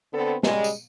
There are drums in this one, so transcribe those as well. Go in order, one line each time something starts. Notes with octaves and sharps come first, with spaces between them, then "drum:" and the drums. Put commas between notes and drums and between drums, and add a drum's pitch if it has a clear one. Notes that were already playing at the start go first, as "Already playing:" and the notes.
D3 B3 C4 A4
C#3 G3 G#3, drum: snare
drum: tambourine